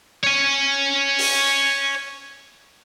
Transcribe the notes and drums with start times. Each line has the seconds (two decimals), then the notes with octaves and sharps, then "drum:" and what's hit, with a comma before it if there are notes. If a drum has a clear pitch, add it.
0.24 C#5 G#5
1.19 drum: open hi-hat